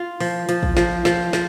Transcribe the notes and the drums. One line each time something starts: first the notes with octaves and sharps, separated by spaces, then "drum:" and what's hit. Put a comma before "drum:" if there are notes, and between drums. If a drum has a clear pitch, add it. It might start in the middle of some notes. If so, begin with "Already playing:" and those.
Already playing: F4
F3, drum: open hi-hat
F3, drum: hi-hat
drum: kick
F3, drum: snare
F3, drum: snare
F3, drum: snare